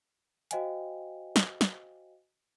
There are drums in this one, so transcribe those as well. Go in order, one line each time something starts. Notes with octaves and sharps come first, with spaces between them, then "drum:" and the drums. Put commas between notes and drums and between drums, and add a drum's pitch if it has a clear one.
F#4 C5 D#5 F5 G5 G#5, drum: hi-hat
drum: snare
drum: snare